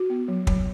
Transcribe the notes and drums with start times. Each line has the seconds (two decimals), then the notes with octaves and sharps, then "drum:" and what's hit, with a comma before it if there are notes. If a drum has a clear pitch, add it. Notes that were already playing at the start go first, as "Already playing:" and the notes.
Already playing: F#4
0.10 B3
0.28 F#3
0.47 F#3, drum: kick